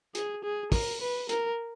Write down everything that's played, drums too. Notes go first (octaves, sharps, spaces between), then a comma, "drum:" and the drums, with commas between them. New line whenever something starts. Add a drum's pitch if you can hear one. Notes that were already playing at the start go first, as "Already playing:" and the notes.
G#4, drum: hi-hat
G#4
A#4, drum: kick, open hi-hat
B4
A#4, drum: hi-hat